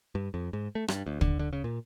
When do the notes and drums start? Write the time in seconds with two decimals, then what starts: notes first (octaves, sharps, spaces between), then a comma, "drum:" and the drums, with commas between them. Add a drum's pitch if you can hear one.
0.15 G2
0.34 F2
0.53 G#2
0.75 A3
0.88 G2, drum: rim click
1.06 D2
1.21 D3, drum: kick
1.39 D3
1.53 C#3
1.64 A#2